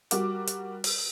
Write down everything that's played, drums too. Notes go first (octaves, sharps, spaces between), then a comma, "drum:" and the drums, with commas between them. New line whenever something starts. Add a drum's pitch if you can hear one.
G3 F#4 A#4 D6, drum: hi-hat
drum: hi-hat
drum: open hi-hat